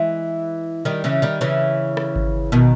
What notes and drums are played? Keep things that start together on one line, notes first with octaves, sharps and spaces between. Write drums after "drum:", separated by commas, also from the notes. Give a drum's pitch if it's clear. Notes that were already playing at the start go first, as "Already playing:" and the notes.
Already playing: E3 G#3
D#3 G3
C#3 E3
D#3 G3
C#3 E3
drum: rim click
drum: kick G#1
B2 D#3